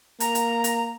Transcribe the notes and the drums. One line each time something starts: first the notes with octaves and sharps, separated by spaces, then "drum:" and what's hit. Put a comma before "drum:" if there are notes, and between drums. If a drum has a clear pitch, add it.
A#3 A#5, drum: hi-hat
drum: hi-hat
drum: hi-hat